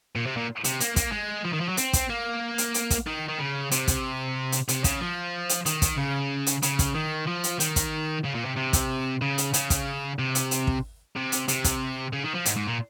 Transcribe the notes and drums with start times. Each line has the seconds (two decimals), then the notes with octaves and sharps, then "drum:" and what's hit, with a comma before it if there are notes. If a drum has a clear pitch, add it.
0.16 A#2
0.26 C3
0.37 A#2
0.64 C3, drum: hi-hat
0.80 A#3, drum: hi-hat
0.96 A#3, drum: kick, hi-hat
1.12 G#3
1.45 F3
1.53 D#3
1.61 F3
1.69 F#3
1.77 C4, drum: hi-hat
1.93 drum: kick, hi-hat
2.10 A#3
2.58 drum: hi-hat
2.74 drum: hi-hat
2.90 drum: kick, hi-hat
3.07 D#3
3.28 D#3
3.39 C#3
3.71 C3, drum: hi-hat
3.88 drum: kick, hi-hat
4.52 drum: hi-hat
4.68 C3, drum: hi-hat
4.84 C#3, drum: kick, hi-hat
5.01 F3
5.49 drum: hi-hat
5.66 D#3, drum: hi-hat
5.82 drum: kick, hi-hat
5.98 C#3
6.46 drum: hi-hat
6.62 C#3, drum: hi-hat
6.79 drum: kick, hi-hat
6.95 D#3
7.27 F3
7.44 drum: hi-hat
7.60 D#3, drum: hi-hat
7.76 drum: kick, hi-hat
8.25 C#3
8.35 A#2
8.46 C3
8.57 C3
8.73 drum: kick, hi-hat
9.22 C#3
9.38 drum: hi-hat
9.54 C#3, drum: hi-hat
9.70 drum: kick, hi-hat
10.19 C3
10.35 drum: hi-hat
10.51 drum: hi-hat
10.67 drum: kick
11.16 C3
11.32 drum: hi-hat
11.48 C3, drum: hi-hat
11.64 drum: kick, hi-hat
12.13 C#3
12.24 D#3
12.35 F3
12.45 G#2, drum: hi-hat
12.56 G#2
12.67 A#2